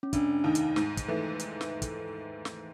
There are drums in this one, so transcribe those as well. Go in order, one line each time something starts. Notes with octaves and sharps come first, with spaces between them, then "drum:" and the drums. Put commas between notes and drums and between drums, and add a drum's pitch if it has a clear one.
C#4
F1 D4, drum: kick, hi-hat
D#2 D#3 D#4
drum: hi-hat
G#2, drum: snare
drum: kick, hi-hat
E3 A3
drum: hi-hat
drum: snare
drum: kick, hi-hat
drum: snare